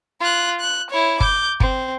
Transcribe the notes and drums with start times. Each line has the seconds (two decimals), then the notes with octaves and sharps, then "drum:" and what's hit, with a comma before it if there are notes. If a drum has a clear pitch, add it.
0.20 F4 F#6
0.60 F#6
0.90 E4 C#5
1.20 D6 G6, drum: kick G1
1.60 C4, drum: kick G1